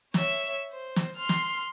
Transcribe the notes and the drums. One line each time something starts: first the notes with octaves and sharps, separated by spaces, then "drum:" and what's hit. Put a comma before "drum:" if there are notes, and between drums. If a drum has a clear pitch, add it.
C#5 E5, drum: snare
C5
drum: snare
C6 F6
drum: snare